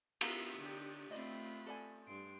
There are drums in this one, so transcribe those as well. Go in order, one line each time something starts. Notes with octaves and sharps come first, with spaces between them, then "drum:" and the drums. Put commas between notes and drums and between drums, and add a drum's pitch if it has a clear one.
B3 F4 G#4 E5 F5 A#5, drum: cymbal
D3 D#4 G4
A3 C4 F4 D5 D#5 B5
A4 D5 G#5
G2 C6 D7